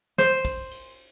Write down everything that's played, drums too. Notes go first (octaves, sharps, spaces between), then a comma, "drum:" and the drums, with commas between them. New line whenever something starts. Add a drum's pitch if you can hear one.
C5, drum: snare
drum: kick, cymbal
drum: cymbal